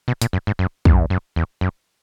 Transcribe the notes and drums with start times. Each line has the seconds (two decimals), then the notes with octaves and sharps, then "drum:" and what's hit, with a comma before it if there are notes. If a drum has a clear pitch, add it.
0.08 B2
0.22 A#2, drum: hi-hat
0.33 F#2
0.47 G#2
0.59 F#2
0.85 E2, drum: kick
0.93 F#2
1.01 E2
1.10 F#2
1.36 E2
1.61 F#2